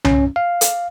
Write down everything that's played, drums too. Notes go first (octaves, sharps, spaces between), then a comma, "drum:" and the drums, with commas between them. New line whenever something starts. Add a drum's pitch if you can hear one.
C#4, drum: tom C2
F5
drum: hi-hat